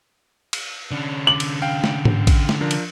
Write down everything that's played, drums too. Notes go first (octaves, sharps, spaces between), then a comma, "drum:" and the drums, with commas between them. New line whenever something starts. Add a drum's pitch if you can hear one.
drum: cymbal
D3 C#4 D4
D6 F#7
drum: cymbal
F5 G5
drum: snare
drum: tom G#2
drum: kick, cymbal
drum: snare
F3 D4 A#4
drum: cymbal